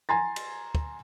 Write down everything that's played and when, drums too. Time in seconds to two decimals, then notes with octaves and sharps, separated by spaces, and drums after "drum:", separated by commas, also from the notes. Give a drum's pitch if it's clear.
0.09 G#5 A#5 C6 A6
0.36 drum: cymbal
0.75 drum: kick